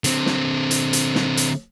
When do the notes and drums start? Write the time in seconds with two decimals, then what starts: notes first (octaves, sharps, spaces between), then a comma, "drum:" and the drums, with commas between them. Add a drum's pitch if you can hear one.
0.04 D3 C4, drum: hi-hat
0.26 drum: snare
0.71 drum: hi-hat
0.93 drum: hi-hat
1.15 drum: snare
1.37 drum: hi-hat